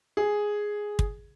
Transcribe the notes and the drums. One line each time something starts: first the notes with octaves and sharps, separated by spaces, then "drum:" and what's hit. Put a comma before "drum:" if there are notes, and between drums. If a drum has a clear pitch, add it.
G#4
drum: kick